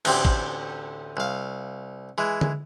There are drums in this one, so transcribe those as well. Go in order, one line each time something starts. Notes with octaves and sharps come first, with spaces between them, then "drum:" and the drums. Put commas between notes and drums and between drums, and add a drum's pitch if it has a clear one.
A1 D2 C4 G4, drum: cymbal
drum: kick
C2 F5
E3 G#3
drum: tom D3